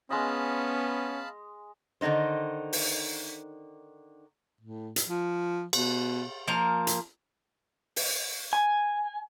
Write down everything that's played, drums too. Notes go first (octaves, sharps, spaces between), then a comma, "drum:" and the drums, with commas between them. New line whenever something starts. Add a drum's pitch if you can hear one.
G#3 B3 C#4 D#5 F5 A5 B5
D3 D#3 A#3 D#4 C5
drum: open hi-hat
A2
drum: hi-hat
F3
B2, drum: cymbal
F3 A#3 A#5
drum: hi-hat
drum: open hi-hat
G#5